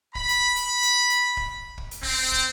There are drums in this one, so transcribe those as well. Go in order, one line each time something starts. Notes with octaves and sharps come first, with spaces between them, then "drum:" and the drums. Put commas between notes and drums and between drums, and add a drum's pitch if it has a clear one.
B5, drum: kick
drum: hi-hat
drum: hi-hat
drum: hi-hat
drum: hi-hat
drum: kick
drum: kick
drum: hi-hat
C4, drum: kick
drum: kick